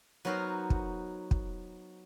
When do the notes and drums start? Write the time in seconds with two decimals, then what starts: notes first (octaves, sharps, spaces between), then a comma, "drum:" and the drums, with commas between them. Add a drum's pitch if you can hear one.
0.25 F#3 B3 D#4 F#4 A#4 C5
0.70 drum: kick
1.31 drum: kick